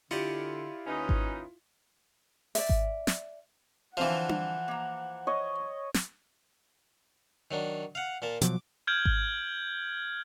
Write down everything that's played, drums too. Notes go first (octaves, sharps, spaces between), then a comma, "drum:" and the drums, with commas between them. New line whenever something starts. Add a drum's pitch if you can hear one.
D3 E4 F4 G4 D5 D#5 C#7
D#2 C#4 D#4 B4
drum: kick G#1
D5 E5, drum: open hi-hat
drum: kick G#1
drum: snare
D3 E3 F3 C4 F5 F#5
drum: tom D4
A#3 A#5
C#5 D#5
drum: snare
D#3 F#3 D4
F5 F#5
A#2 A#3 A5
B2 F3 F#3 D6, drum: hi-hat
F6 G6 G#6 D7 F#7
drum: kick G#1